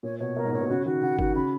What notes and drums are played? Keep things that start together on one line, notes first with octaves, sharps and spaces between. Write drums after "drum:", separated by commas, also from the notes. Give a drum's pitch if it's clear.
A#2 C#5
B2 C#5
B2 A#4
G#2
A#2 C#5
B2
C#3 F#4
D#3 F#4
C#3 F#5
D#3 F#4, drum: kick G1
C#3 B5